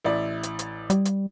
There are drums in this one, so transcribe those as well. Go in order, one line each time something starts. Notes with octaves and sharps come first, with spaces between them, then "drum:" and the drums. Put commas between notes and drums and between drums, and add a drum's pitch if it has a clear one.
A1 E4 D5
drum: hi-hat
drum: hi-hat
G3, drum: hi-hat
drum: hi-hat